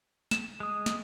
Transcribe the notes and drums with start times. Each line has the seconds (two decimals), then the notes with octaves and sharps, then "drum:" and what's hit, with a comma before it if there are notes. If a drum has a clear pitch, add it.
0.31 E7, drum: snare
0.60 G#3 D#6
0.86 drum: snare